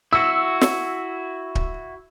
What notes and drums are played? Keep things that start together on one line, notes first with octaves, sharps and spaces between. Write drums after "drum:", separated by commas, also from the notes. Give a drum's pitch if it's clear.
E4 F#4 E6
drum: snare
drum: kick D1